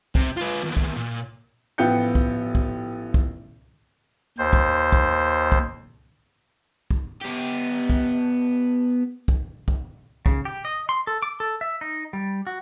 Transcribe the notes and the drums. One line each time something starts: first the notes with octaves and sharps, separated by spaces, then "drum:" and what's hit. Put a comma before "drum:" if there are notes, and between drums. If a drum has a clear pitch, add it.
C3, drum: kick
F4 B4
D#2 E3
drum: kick
A#2
A1 F3 B3 G5 G6 C#7
drum: kick
drum: kick
drum: kick
D#2 C5
drum: kick
drum: kick
drum: kick
drum: kick
B3 G4
drum: kick
drum: kick
drum: kick
C#3, drum: kick
G4
D#5
C6
A4
D6
A4
E5
D#4
G3
F#4